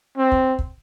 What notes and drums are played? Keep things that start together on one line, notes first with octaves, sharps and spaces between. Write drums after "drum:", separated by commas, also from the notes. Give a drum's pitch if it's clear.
C4
drum: kick
drum: kick